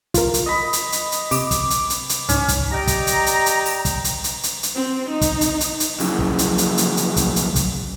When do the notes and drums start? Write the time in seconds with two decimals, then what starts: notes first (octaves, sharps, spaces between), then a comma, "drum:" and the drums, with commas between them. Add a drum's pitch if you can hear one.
0.14 F4 A#4, drum: kick, hi-hat
0.34 drum: hi-hat
0.46 D#5 B5
0.73 drum: hi-hat
0.92 drum: hi-hat
1.12 drum: hi-hat
1.31 C3 D6, drum: open hi-hat
1.51 drum: kick, hi-hat
1.70 drum: hi-hat
1.90 drum: hi-hat
2.09 drum: hi-hat
2.29 C#2 G#2 C#4, drum: hi-hat
2.48 drum: kick, hi-hat
2.71 G4 D5 D#5 G5 A#5
2.87 drum: kick, hi-hat
3.07 drum: hi-hat
3.26 drum: hi-hat
3.46 drum: hi-hat
3.65 drum: open hi-hat
3.85 drum: kick, hi-hat
4.04 drum: hi-hat
4.24 drum: hi-hat
4.43 drum: hi-hat
4.63 drum: hi-hat
4.75 C4
5.10 D#4
5.21 drum: kick, hi-hat
5.41 drum: hi-hat
5.60 drum: hi-hat
5.80 drum: hi-hat
6.00 F2 C#3 F#3 C#4 E4 G#4, drum: open hi-hat
6.19 drum: kick
6.38 drum: hi-hat
6.58 drum: hi-hat
6.77 drum: hi-hat
6.97 drum: hi-hat
7.17 drum: kick, hi-hat
7.36 drum: hi-hat
7.56 drum: kick, hi-hat